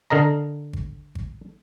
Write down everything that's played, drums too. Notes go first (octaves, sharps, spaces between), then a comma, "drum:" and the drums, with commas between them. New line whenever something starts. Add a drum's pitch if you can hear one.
D3 A#4 D#5 A#5
drum: kick G#1
drum: kick G#1